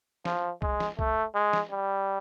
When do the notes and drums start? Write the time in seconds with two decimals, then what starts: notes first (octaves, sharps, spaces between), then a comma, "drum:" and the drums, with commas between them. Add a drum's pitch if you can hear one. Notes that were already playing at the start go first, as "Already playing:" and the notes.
0.25 F3, drum: snare
0.62 G#3, drum: kick
0.80 drum: snare
0.99 A3, drum: kick
1.35 G#3
1.53 drum: snare
1.71 G3